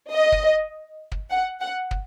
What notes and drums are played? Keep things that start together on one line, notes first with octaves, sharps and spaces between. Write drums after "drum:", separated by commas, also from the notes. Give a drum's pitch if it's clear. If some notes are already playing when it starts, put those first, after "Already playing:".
D#5
drum: kick
drum: kick
F#5
F#5
drum: kick